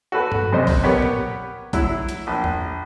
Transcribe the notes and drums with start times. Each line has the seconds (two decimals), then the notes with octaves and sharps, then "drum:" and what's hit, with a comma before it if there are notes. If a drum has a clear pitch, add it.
0.12 F#4 A4 B4
0.32 drum: tom G2
0.53 F#2 C3 C5 D#5
0.67 drum: kick A1, open hi-hat
0.83 A#3 B3 G4 B4 C#5
1.02 drum: tom
1.73 F#3 E4, drum: kick A1, hi-hat
2.09 drum: hi-hat
2.27 A#1
2.44 drum: tom E2